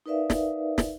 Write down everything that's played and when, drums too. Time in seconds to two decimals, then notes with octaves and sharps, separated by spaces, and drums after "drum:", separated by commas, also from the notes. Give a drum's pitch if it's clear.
0.06 D#4 A#4 B4 D5 E5 F5
0.30 drum: snare
0.78 drum: snare